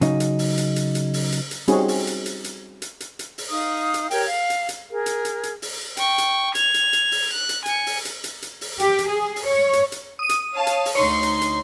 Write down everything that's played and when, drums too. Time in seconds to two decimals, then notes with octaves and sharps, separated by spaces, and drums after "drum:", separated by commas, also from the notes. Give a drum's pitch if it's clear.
0.01 C#3 F#3 D#4, drum: hi-hat
0.20 drum: hi-hat
0.39 drum: open hi-hat
0.57 drum: hi-hat
0.76 drum: hi-hat
0.95 drum: hi-hat
1.14 drum: open hi-hat
1.32 drum: hi-hat
1.51 drum: hi-hat
1.68 G3 C4 C#4 D#4 F#4 G#4, drum: hi-hat
1.88 drum: open hi-hat
2.07 drum: hi-hat
2.26 drum: hi-hat
2.44 drum: hi-hat
2.82 drum: hi-hat
3.00 drum: hi-hat
3.19 drum: hi-hat
3.38 drum: open hi-hat
3.50 D#4 F5 D#6
3.94 drum: hi-hat
4.11 G4 A#4 C#5 G5, drum: open hi-hat
4.26 F5
4.50 drum: hi-hat
4.69 drum: hi-hat
4.91 G#4 A#4
5.06 drum: hi-hat
5.25 drum: hi-hat
5.43 drum: hi-hat
5.62 drum: open hi-hat
5.97 G5 C#6, drum: hi-hat
6.18 drum: hi-hat
6.55 G#6 F7, drum: hi-hat
6.74 drum: hi-hat
6.93 drum: hi-hat
7.12 drum: open hi-hat
7.33 F#6
7.49 drum: hi-hat
7.66 G#5 C#7, drum: hi-hat
7.86 drum: open hi-hat
8.05 drum: hi-hat
8.24 drum: hi-hat
8.42 drum: hi-hat
8.61 drum: open hi-hat
8.79 G4, drum: hi-hat
8.98 drum: hi-hat
9.09 G#4
9.36 drum: open hi-hat
9.46 C#5
9.73 drum: hi-hat
9.92 drum: hi-hat
10.19 D#6 D#7
10.29 drum: hi-hat
10.54 C#5 F5 A5
10.67 drum: hi-hat
10.85 drum: open hi-hat
10.95 D2 D#4 C#5 C6
11.23 drum: hi-hat
11.41 drum: hi-hat